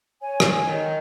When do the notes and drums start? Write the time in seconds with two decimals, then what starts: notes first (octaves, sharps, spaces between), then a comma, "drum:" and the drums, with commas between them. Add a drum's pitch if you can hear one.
0.22 C#5 G#5
0.40 drum: rim click
0.66 D#3